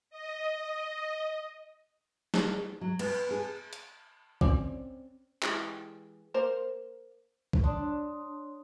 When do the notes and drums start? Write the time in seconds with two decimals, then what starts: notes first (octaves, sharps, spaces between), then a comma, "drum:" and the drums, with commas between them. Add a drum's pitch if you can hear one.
0.10 D#5
2.34 drum: snare
2.81 F#3
2.99 B3, drum: cymbal
3.31 G#4
3.73 drum: hi-hat
4.41 C4 C#4 D5, drum: kick B1
5.43 E3 G#3 G4, drum: clap
6.34 A#3 A#4 C5
7.53 drum: kick B1
7.64 D4 C#5 C6 D#6